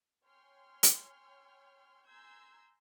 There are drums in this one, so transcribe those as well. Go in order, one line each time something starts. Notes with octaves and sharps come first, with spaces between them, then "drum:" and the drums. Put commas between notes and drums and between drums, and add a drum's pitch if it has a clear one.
C#5 G5 G#5 C6 F6
drum: hi-hat
G#5 A#5 C6 E6 G6 G#6